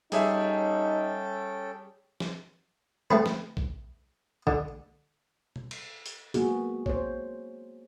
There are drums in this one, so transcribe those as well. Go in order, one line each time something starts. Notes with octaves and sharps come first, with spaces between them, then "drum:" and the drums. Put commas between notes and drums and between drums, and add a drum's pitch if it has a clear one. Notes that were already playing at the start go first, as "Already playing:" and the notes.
G3 C#4 D#4 G#4 A4 E5 G5, drum: hi-hat
drum: snare
A3 C4 B4, drum: tom D3
drum: snare
drum: kick A#1
D3, drum: kick A#1
drum: tom B2
drum: cymbal
drum: hi-hat
A#3 B3 F#4 G#4, drum: hi-hat
C5 C#5, drum: kick A#1